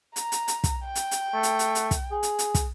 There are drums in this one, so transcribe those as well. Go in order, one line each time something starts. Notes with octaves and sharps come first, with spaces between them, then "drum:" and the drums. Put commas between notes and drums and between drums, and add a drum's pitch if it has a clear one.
A#5, drum: hi-hat
drum: hi-hat
drum: hi-hat
drum: kick, hi-hat
G5
drum: hi-hat
drum: hi-hat
A3
drum: hi-hat
drum: hi-hat
drum: hi-hat
drum: kick, hi-hat
G#4
drum: hi-hat
drum: hi-hat
drum: kick, hi-hat